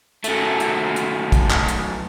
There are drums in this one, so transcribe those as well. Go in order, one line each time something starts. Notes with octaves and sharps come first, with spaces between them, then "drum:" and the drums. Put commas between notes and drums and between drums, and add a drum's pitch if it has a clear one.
F#2 A3, drum: hi-hat
drum: hi-hat
drum: hi-hat
drum: kick, hi-hat
drum: clap
drum: hi-hat